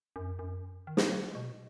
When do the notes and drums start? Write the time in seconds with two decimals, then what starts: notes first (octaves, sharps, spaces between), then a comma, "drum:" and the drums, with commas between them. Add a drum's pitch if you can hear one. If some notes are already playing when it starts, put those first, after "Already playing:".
0.16 F#2
0.39 F#2
0.87 D#3
0.97 drum: snare
1.35 B2